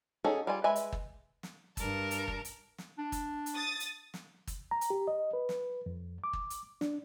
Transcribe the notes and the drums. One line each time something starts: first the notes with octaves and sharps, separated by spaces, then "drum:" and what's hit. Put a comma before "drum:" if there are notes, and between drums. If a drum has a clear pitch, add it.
C#4 D#4 F#4 G#4 A4
G3 F4 G#5
G#3 B4 E5 G#5
drum: hi-hat
drum: kick
drum: snare
G2 A#4 A5, drum: kick, hi-hat
drum: hi-hat
drum: kick
drum: hi-hat
drum: snare
D4
drum: kick, hi-hat
drum: hi-hat
D#6 A6
drum: hi-hat
drum: snare
drum: kick, hi-hat
A#5
drum: hi-hat
G4
D#5
B4
drum: snare
F2
D6
drum: kick
drum: hi-hat
D4, drum: snare